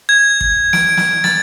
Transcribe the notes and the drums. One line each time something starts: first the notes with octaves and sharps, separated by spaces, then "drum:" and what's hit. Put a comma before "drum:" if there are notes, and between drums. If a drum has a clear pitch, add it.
G#6
drum: kick
D7, drum: snare
drum: snare
A6, drum: snare